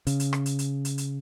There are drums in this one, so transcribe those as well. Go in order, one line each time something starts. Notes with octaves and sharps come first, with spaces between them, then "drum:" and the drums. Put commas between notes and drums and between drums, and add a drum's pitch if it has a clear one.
C#3, drum: hi-hat
drum: hi-hat
drum: rim click
drum: hi-hat
drum: hi-hat
drum: hi-hat
drum: hi-hat